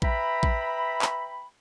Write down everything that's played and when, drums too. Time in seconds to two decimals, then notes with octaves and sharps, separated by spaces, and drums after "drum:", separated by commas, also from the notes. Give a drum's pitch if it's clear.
0.02 B4 E5 G5 A#5 B5, drum: kick A#1
0.43 drum: kick A#1
1.02 drum: clap